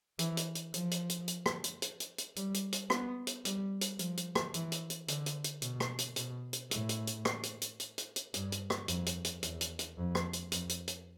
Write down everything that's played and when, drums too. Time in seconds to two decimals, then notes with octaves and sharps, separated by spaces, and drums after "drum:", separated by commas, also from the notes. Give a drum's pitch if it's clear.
0.19 E3, drum: hi-hat
0.37 drum: hi-hat
0.55 drum: hi-hat
0.74 F3, drum: hi-hat
0.91 drum: hi-hat
1.09 drum: hi-hat
1.28 drum: hi-hat
1.46 drum: rim click
1.64 drum: hi-hat
1.82 drum: hi-hat
2.00 drum: hi-hat
2.18 drum: hi-hat
2.36 G3, drum: hi-hat
2.54 drum: hi-hat
2.72 drum: hi-hat
2.90 B3, drum: rim click
3.27 drum: hi-hat
3.45 G3, drum: hi-hat
3.81 drum: hi-hat
3.99 F3, drum: hi-hat
4.17 drum: hi-hat
4.35 drum: rim click
4.54 E3, drum: hi-hat
4.72 drum: hi-hat
4.90 drum: hi-hat
5.08 D3, drum: hi-hat
5.26 drum: hi-hat
5.44 drum: hi-hat
5.62 B2, drum: hi-hat
5.80 drum: rim click
5.98 drum: hi-hat
6.16 B2, drum: hi-hat
6.53 drum: hi-hat
6.71 A2, drum: hi-hat
6.89 drum: hi-hat
7.07 drum: hi-hat
7.25 drum: rim click
7.43 drum: hi-hat
7.61 drum: hi-hat
7.80 drum: hi-hat
7.98 drum: hi-hat
8.16 drum: hi-hat
8.34 G2, drum: hi-hat
8.52 drum: hi-hat
8.70 drum: rim click
8.88 F2, drum: hi-hat
9.06 drum: hi-hat
9.24 drum: hi-hat
9.43 E2, drum: hi-hat
9.61 drum: hi-hat
9.79 drum: hi-hat
9.97 F2
10.15 drum: rim click
10.33 drum: hi-hat
10.52 F2, drum: hi-hat
10.69 drum: hi-hat
10.87 drum: hi-hat